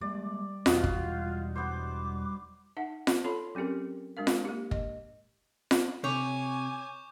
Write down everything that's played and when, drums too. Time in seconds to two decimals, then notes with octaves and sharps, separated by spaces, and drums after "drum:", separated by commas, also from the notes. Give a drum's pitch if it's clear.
0.01 G3 G#3 A#3 D5
0.66 E1 E2 D#4 F4 F#4, drum: snare F4
0.84 drum: kick
1.55 B3 C5 D6
2.77 D#4 E5 F#5
3.07 drum: snare F4
3.24 F4 A4 C#5 A5 B5 C6
3.55 F#3 C4 C#4 G4 A#4
4.17 G#3 D4 A#4 F5
4.27 drum: snare F4
4.45 A#3 G4
4.71 D#5, drum: kick
5.71 drum: snare F4
6.04 C3 C#5 G#5 C#6 D6 G6